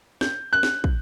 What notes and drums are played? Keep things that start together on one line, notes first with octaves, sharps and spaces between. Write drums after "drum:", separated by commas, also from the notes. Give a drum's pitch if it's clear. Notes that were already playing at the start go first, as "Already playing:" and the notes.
G6, drum: snare
F#6
drum: snare
drum: kick